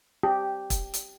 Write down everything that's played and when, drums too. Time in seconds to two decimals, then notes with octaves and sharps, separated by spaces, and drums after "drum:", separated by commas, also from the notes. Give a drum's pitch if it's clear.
0.23 G4
0.70 drum: kick, hi-hat
0.94 drum: hi-hat